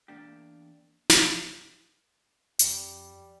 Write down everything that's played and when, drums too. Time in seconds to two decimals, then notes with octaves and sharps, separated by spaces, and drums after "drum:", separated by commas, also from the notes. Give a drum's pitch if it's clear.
0.08 E2 A#3 D4 G4
1.09 drum: snare
2.59 F2 G3, drum: hi-hat